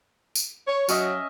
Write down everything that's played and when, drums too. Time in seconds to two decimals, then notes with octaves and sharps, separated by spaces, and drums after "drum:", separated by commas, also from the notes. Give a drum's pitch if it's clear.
0.35 drum: tambourine
0.67 C#5
0.89 F#3 C#4 D#5 E5, drum: tambourine